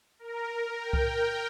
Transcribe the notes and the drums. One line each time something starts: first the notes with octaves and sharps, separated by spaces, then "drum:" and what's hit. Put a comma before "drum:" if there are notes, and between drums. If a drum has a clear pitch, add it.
A#4
G5
drum: kick C2